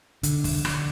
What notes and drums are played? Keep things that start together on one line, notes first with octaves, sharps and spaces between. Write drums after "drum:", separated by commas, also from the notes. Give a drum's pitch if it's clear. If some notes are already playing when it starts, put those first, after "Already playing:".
D3, drum: hi-hat
drum: kick, open hi-hat
D3, drum: rim click